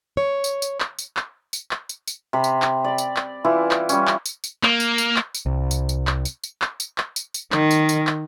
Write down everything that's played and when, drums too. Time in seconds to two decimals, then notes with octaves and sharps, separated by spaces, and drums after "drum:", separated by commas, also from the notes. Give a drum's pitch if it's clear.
0.17 C#5
0.44 drum: tambourine
0.62 drum: tambourine
0.80 drum: clap
0.99 drum: tambourine
1.17 drum: clap
1.53 drum: tambourine
1.71 drum: clap
1.89 drum: tambourine
2.08 drum: tambourine
2.33 C3 B5
2.44 drum: tambourine
2.62 drum: clap
2.84 D5 B5
2.98 drum: tambourine
3.17 drum: clap
3.44 E3 E4 F4
3.71 drum: clap
3.89 G3 C#4, drum: tambourine
4.07 drum: clap
4.26 drum: tambourine
4.44 drum: tambourine
4.63 A#3, drum: clap
4.80 drum: tambourine
4.98 drum: tambourine
5.16 drum: clap
5.35 drum: tambourine
5.46 C2
5.71 drum: tambourine
5.89 drum: tambourine
6.07 drum: clap
6.25 drum: tambourine
6.44 drum: tambourine
6.62 drum: clap
6.80 drum: tambourine
6.98 drum: clap
7.16 drum: tambourine
7.34 drum: tambourine
7.52 D#3, drum: clap
7.71 drum: tambourine
7.89 drum: tambourine
8.07 drum: clap